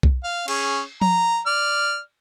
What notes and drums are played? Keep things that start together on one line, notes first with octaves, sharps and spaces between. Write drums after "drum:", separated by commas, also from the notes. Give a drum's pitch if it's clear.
drum: kick B1
F5
C#4 G#4, drum: cymbal
A#5, drum: tom F3
D5 F6